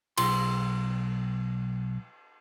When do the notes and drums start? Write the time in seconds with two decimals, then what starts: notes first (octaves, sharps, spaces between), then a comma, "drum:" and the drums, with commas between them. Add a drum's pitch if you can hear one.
0.18 B1 C6, drum: cymbal